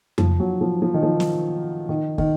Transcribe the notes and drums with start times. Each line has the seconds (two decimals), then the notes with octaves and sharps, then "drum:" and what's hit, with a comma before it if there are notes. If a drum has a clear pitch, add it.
0.18 F3, drum: tom F2
0.40 F#3
0.61 F3
0.82 F3
0.94 D#3
1.03 F3
1.20 drum: snare
1.89 D#3
2.18 D#3, drum: kick